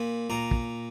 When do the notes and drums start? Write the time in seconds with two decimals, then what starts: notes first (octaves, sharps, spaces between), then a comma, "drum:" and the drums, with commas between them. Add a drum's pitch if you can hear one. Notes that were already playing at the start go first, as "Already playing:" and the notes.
Already playing: A#2 B5
0.30 A#2 A#5
0.51 drum: kick